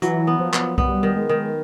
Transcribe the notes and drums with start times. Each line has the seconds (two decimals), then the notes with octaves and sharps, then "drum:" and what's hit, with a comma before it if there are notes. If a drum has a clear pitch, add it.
0.02 E3 F#3, drum: hi-hat
0.27 B3
0.40 F3
0.53 B3, drum: clap
0.78 G3 B3, drum: kick B1
1.03 D#3
1.17 G#3
1.29 D#3